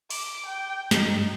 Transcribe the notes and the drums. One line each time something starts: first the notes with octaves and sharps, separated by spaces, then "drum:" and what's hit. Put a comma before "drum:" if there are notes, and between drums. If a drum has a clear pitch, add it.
D6, drum: open hi-hat
G5
G2 D#4, drum: snare